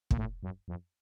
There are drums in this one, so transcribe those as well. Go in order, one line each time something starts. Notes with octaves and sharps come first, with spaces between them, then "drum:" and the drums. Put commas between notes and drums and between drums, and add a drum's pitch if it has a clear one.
A#2, drum: kick
A2
F#2
F2